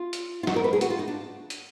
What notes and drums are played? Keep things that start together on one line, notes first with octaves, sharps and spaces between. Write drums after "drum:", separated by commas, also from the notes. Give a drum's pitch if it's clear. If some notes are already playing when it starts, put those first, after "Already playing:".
Already playing: F4
drum: hi-hat
F4
F#4, drum: snare
A#4
B4
G#4
F#4, drum: hi-hat
F4
D#4
D4
drum: hi-hat